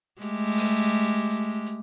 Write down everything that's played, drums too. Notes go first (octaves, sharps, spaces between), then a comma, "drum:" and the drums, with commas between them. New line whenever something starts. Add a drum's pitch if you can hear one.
G#3 A3 G4, drum: hi-hat
drum: open hi-hat
drum: hi-hat
drum: hi-hat